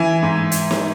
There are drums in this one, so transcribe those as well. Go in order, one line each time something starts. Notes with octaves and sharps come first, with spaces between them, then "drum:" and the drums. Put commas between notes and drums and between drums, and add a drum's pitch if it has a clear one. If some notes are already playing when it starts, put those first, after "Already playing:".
Already playing: E3 G#5
G#2
drum: hi-hat
drum: snare